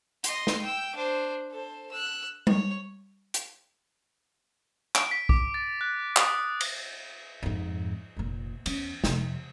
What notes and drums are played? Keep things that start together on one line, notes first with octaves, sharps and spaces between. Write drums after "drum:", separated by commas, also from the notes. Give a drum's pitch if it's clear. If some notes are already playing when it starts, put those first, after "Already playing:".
D#5 C6, drum: hi-hat
drum: snare
G5 E6
D4 C5
A4 C5
E6 F#6
C#5, drum: tom G3
drum: hi-hat
D7, drum: clap
B6
D6, drum: kick
A6
F#6
D#6, drum: clap
drum: cymbal
F2 G#2
F1 A#2
E2 C#4, drum: cymbal
F2 C3, drum: snare